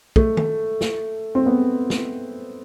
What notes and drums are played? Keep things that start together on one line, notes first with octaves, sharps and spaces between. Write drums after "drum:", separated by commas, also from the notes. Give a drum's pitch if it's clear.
A3, drum: kick
drum: tom
drum: snare
C4
B3
drum: snare